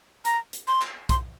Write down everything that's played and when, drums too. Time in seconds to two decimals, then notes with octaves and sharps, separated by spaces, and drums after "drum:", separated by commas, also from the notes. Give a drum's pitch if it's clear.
0.25 A#5, drum: hi-hat
0.53 drum: hi-hat
0.68 C6
0.81 drum: clap
1.09 C6, drum: kick, hi-hat